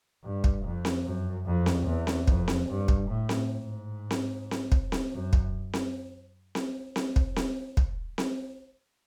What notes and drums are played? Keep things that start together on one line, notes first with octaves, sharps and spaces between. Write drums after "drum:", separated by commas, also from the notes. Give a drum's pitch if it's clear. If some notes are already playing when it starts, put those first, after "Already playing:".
G2
drum: kick
F2
drum: snare C4
F#2
F2
drum: snare C4
E2
drum: snare C4
F2, drum: kick
drum: snare C4
G2
drum: kick
A2
drum: snare C4
G#2
drum: snare C4
drum: snare C4
drum: kick
drum: snare C4
F#2
drum: kick
drum: snare C4
drum: snare C4
drum: snare C4
drum: kick
drum: snare C4
drum: kick
drum: snare C4